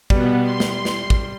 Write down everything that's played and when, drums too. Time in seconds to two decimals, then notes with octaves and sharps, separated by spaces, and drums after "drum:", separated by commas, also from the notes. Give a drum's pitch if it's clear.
0.10 B2 G3 B3, drum: kick
0.43 C6
0.60 drum: snare
0.85 drum: snare
1.10 drum: kick